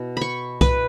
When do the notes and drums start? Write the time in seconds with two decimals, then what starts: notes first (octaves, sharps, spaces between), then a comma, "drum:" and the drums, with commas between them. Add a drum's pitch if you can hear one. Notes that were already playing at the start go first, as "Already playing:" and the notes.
Already playing: B2 E4
0.17 B5 C#6
0.61 B4, drum: kick C2, hi-hat